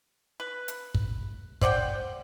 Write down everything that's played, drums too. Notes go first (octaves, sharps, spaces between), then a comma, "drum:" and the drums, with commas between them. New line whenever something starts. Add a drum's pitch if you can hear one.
B4
drum: hi-hat
drum: kick
C5 D5 F#5 G5, drum: kick